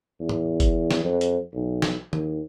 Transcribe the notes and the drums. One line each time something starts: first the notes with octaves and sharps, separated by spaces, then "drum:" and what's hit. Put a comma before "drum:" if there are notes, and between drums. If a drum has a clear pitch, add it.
E2
drum: tom A2
drum: kick F#1, hi-hat
drum: snare
F2
drum: hi-hat
B1
drum: snare
D#2, drum: tom